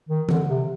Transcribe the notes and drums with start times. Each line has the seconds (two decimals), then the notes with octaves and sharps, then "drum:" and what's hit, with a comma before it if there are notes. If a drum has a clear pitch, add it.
0.09 D#3
0.29 D3, drum: tom E3
0.48 C3